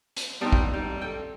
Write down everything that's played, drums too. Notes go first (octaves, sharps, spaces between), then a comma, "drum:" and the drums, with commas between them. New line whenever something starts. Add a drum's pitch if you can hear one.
drum: hi-hat
G3 B3 C4 D#4 A5
drum: kick
G3 D#4
A4 G5